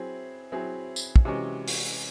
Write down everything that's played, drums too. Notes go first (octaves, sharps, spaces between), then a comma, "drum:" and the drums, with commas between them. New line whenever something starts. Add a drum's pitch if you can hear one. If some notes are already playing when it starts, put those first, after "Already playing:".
Already playing: F#3 C4 E4 G#4
F#3 C4 E4 G#4
drum: tambourine
drum: kick
C3 E3 G#3 C#4 F#4
drum: open hi-hat